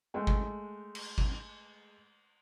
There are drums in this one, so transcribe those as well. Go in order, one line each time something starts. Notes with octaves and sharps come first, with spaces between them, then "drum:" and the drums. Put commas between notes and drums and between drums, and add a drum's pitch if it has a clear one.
G#3 A3 G5
drum: kick
drum: cymbal
drum: kick